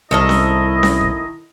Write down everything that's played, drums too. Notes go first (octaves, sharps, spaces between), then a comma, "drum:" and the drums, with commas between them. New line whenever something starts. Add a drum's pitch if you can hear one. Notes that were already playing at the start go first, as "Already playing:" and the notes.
C2 D#3 E4 A4 A#4 D#5
drum: snare C#4
drum: snare C#4
drum: kick